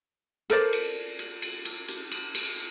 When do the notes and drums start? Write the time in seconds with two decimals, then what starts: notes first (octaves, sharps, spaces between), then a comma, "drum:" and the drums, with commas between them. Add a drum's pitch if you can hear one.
0.50 A4 A#4 C5 D5, drum: cymbal
0.73 drum: cymbal
1.19 drum: cymbal
1.42 drum: cymbal
1.65 drum: cymbal
1.88 drum: cymbal
2.11 drum: cymbal
2.35 drum: cymbal